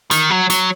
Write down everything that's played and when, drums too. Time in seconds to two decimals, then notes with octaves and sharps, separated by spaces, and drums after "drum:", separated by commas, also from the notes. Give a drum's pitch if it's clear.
0.11 D#3, drum: hi-hat
0.30 F#3
0.50 F#3, drum: hi-hat